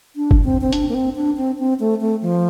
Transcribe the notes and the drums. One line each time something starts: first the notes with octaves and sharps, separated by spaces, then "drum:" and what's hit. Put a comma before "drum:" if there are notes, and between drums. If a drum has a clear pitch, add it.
D4
drum: kick F#1
C4
C4
D4, drum: hi-hat
A#3
C4
D4
C4
C4
A3
A3
F3